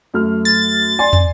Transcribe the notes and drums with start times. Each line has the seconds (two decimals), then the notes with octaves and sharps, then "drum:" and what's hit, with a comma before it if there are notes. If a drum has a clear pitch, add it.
0.14 F#2 A3 F6
0.45 A6
0.99 D5 G#5 C6
1.13 drum: tom